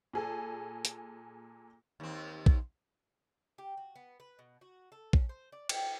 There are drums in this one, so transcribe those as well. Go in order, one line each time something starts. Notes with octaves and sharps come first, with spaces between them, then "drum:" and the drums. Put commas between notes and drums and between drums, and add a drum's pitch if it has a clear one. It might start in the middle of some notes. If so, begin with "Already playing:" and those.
A#2 G#4 A4
drum: hi-hat
D#2 C4
drum: kick A#1
G4
F#4
B3
B4
B2
F#4
A4
C#4, drum: kick A#1
C5
D5
G5, drum: cymbal